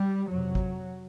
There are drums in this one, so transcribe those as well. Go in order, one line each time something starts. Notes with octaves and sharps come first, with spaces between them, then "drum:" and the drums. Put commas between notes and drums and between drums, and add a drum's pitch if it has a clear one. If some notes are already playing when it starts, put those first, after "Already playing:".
Already playing: G3
F2 C3 F#3
drum: kick G#1